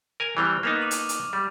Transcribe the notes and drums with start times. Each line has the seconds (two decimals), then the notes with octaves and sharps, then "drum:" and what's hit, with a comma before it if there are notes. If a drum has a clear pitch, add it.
0.20 A#4 G#5
0.37 E3 G3 C4 C#6 F6 F7
0.63 A#3 B3 D#4 F6 E7 F7
0.82 D6 D#7 F#7
0.91 drum: hi-hat
1.09 drum: hi-hat
1.33 G3